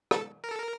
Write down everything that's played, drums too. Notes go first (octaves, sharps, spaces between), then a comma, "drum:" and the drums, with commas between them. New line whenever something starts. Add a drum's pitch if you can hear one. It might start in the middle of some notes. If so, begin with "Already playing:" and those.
A4, drum: rim click
A#4
A4
A#4